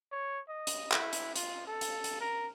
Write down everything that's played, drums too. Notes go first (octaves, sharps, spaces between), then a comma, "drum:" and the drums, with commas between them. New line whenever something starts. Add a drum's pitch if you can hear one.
C#5
D#5
drum: hi-hat
E4, drum: clap
drum: hi-hat
F4, drum: hi-hat
A4
drum: hi-hat
drum: hi-hat
A#4